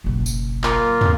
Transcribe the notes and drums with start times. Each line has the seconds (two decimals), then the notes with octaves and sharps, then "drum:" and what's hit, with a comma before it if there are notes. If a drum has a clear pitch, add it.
0.04 F#1 B1
0.26 drum: tambourine
0.63 A#3 F4, drum: clap
1.01 drum: tom